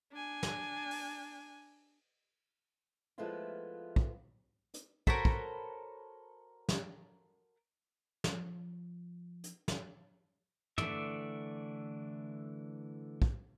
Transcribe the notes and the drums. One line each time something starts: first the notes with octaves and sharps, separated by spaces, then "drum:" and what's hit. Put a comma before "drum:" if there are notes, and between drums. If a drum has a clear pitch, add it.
D4 G#5
drum: snare
drum: open hi-hat
F3 G#3 A3 B3 E4 F4
drum: kick
drum: hi-hat
F#4 A4 A#4 C5 C#5 B5, drum: kick
drum: kick
drum: snare
F3, drum: snare
drum: hi-hat
drum: snare
D3 E3 A3 D5 E5, drum: tom
drum: kick